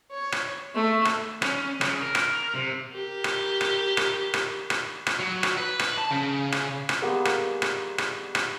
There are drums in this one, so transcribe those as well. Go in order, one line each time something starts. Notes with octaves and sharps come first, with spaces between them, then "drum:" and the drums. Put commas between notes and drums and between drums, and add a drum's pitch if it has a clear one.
C#5
drum: rim click
A3
drum: rim click
C#4, drum: rim click
C#3, drum: rim click
A#4
drum: rim click
C3
G4 A#4
drum: rim click
drum: rim click
drum: rim click
drum: rim click
drum: rim click
drum: rim click
F#3
drum: rim click
B4
drum: rim click
A5
C#3
drum: rim click
drum: rim click
G3 G#3 A#3 B3
drum: rim click
drum: rim click
drum: rim click
drum: rim click